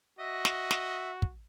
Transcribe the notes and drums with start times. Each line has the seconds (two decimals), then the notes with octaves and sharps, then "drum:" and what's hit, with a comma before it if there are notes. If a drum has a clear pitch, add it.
0.19 F#4 D#5 E5
0.45 drum: snare
0.71 drum: snare
1.22 drum: kick